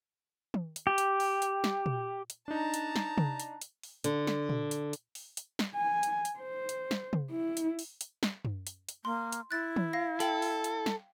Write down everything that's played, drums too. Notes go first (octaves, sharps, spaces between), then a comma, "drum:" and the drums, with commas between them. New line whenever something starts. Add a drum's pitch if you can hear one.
drum: tom
drum: hi-hat
G4
drum: hi-hat
drum: open hi-hat
drum: hi-hat
drum: snare
drum: tom A#2
drum: hi-hat
D4 D#4 A5 A#5
drum: hi-hat
drum: snare
drum: tom
drum: hi-hat
drum: hi-hat
drum: open hi-hat
D3, drum: hi-hat
drum: snare
drum: tom A#2
drum: hi-hat
drum: hi-hat
drum: open hi-hat
drum: hi-hat
drum: snare
G#5
drum: hi-hat
drum: hi-hat
C5
drum: hi-hat
drum: snare
drum: tom
E4
drum: hi-hat
drum: open hi-hat
drum: hi-hat
drum: snare
drum: tom F#2
drum: hi-hat
drum: hi-hat
A#3 C6
drum: hi-hat
E4 F#6 A6
drum: tom
F5 A#6
A4 G5 F#7, drum: hi-hat
drum: open hi-hat
drum: hi-hat
drum: snare